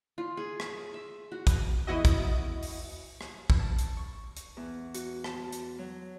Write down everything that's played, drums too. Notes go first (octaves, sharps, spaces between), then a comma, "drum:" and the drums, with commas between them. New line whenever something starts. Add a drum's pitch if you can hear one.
F4
G#4
drum: rim click
E5
F#4
drum: kick, hi-hat
E2 E4 F#4 D#5
drum: kick, hi-hat
drum: open hi-hat
drum: rim click
drum: kick
A5
drum: hi-hat
C#6
drum: hi-hat
E2
F#4, drum: hi-hat
A5, drum: rim click
drum: hi-hat
F#3